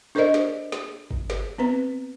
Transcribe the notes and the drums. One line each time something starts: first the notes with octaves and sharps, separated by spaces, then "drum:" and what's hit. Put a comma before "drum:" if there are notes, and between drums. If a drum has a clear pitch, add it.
D4 A4 A#4 C5 D5 D#5
drum: snare
drum: snare
drum: kick
drum: snare
B3 C4 B4